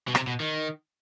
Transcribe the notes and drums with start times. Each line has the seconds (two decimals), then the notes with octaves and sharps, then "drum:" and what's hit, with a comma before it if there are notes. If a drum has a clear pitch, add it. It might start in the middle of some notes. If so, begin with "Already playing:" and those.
0.08 B2
0.15 C3, drum: rim click
0.27 B2
0.40 D#3